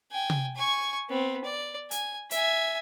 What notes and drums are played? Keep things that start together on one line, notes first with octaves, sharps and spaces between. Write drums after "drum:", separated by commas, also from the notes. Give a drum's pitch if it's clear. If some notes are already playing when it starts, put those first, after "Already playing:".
G5 G#5
drum: tom C3
G#5 C#6
B3 C4
D5
G#5, drum: hi-hat
E5 G#5, drum: hi-hat